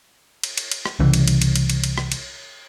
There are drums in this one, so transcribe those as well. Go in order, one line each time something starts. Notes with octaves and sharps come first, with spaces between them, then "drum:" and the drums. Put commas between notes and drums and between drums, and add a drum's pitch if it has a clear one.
drum: cymbal
drum: cymbal
drum: cymbal
drum: rim click
C2 C#3 E3
drum: cymbal
drum: cymbal
drum: cymbal
drum: cymbal
drum: cymbal
drum: cymbal
drum: rim click
drum: cymbal